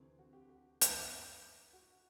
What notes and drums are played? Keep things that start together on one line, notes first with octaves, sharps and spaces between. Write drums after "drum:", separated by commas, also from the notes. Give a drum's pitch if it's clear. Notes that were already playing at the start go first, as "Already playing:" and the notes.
Already playing: D2 C3 E3 C4
F#4
G4
G4
drum: hi-hat
F#4